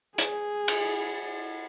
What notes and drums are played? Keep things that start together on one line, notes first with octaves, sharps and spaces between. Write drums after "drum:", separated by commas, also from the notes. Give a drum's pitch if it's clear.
G#4, drum: hi-hat
drum: cymbal